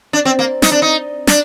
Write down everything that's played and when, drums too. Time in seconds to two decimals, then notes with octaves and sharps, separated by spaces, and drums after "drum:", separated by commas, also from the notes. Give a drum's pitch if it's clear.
0.13 D4
0.25 C4
0.39 A#3
0.62 D#4, drum: snare
0.72 D4
0.82 D#4
1.27 D4, drum: snare